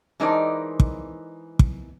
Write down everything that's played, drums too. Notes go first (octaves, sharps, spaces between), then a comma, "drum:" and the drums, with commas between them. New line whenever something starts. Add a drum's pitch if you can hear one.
E3 G#3 D#4 A#4 C5 D5
drum: kick
drum: kick